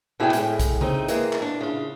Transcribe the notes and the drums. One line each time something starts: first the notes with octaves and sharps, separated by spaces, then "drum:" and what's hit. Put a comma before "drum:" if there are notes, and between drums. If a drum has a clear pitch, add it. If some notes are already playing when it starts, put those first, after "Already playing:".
B2 E4 G#4 D5 G5 G#5
A2 G#3, drum: hi-hat
drum: kick, hi-hat
C#3 C4 D#4, drum: tom C#3
E3 G#3 A#3, drum: hi-hat
drum: clap
D4
C#3 F4